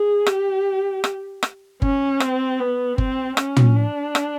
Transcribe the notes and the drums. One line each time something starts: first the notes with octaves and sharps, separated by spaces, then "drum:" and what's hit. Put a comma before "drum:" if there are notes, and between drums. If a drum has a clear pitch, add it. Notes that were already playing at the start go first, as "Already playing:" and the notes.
Already playing: G#4
G4, drum: rim click
drum: rim click
drum: rim click
C#4, drum: kick G1
C4, drum: rim click
B3
C4, drum: kick G1
C#4, drum: rim click
drum: tom
D4
drum: rim click